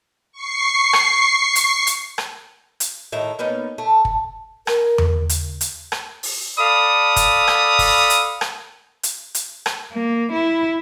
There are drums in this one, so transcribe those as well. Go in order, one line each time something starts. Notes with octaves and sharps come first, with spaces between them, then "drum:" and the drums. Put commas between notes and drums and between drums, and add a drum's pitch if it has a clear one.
C#6 C7
drum: rim click
drum: hi-hat
drum: hi-hat
drum: rim click
drum: hi-hat
A2 D#3 E5 A#5
A#3 B3 C#4 D#4
A3
drum: kick
A#4, drum: rim click
drum: tom E2
drum: hi-hat
drum: hi-hat
drum: rim click
drum: open hi-hat
A4 D5 F5 B5 D#6
drum: kick, hi-hat
drum: rim click
drum: kick, open hi-hat
drum: hi-hat
drum: rim click
drum: hi-hat
drum: hi-hat
drum: rim click
A#3
E4